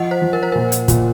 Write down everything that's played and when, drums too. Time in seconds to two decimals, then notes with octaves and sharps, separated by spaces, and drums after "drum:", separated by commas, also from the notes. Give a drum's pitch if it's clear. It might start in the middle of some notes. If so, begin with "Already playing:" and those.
Already playing: F3 F4 D#5 F#5
0.11 C5
0.22 F3
0.33 A#4
0.43 C5
0.52 A#2 A#4
0.72 drum: hi-hat
0.88 A#2, drum: kick, hi-hat